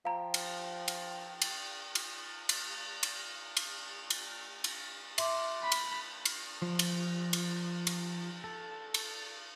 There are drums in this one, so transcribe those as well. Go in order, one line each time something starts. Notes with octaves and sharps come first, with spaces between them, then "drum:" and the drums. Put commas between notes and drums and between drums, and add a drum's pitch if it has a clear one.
F3 F5 G5 A#5
drum: cymbal
drum: cymbal
drum: cymbal
drum: cymbal
drum: cymbal
drum: cymbal
drum: cymbal
drum: cymbal
drum: cymbal
E5 C6 D6, drum: cymbal
B5
drum: cymbal
drum: cymbal
F3
drum: cymbal
drum: cymbal
drum: cymbal
A4
drum: cymbal